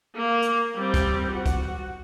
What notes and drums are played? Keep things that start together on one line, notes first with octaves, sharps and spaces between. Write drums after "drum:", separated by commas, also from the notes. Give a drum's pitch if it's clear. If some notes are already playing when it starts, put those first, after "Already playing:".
A#3
drum: hi-hat
G3 C4
drum: kick, hi-hat
F#4
drum: kick, hi-hat